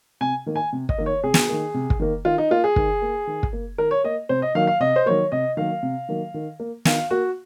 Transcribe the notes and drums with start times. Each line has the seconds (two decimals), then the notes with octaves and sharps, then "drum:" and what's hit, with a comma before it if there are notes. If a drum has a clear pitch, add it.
0.21 C3 G#5
0.46 D#3 A#3
0.56 G#5
0.73 C3
0.89 D#5, drum: kick
0.98 D#3 A#3
1.06 C#5
1.23 C3 G#4
1.34 drum: snare
1.49 D#3 A#3
1.74 C3
1.90 drum: kick
2.00 D#3 A#3
2.25 D#3 F4
2.38 D#4
2.51 A#3 F4
2.64 G#4
2.76 D#3, drum: kick
3.02 A#3
3.27 D#3
3.43 drum: kick
3.53 A#3
3.78 D#3 A#4
3.91 C#5
4.04 A#3 D#5
4.29 C3 C5
4.42 D#5
4.55 D#3 F#3 A#3 F5
4.67 F5
4.80 C3 D#5
4.96 C5
5.06 D#3 F#3 A#3 C#5
5.32 C3 D#5
5.57 D#3 F#3 A#3 F5
5.83 C3
6.09 D#3 F#3 A#3
6.34 D#3
6.60 A#3
6.85 D#3 F5, drum: snare
7.11 A#3 F#4